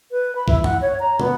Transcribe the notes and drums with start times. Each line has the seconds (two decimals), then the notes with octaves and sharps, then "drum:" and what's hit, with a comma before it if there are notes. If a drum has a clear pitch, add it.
0.11 B4
0.36 B5
0.48 E4, drum: kick
0.64 F#5, drum: tom F#2
0.81 C#5
1.00 A#5
1.20 B3, drum: tom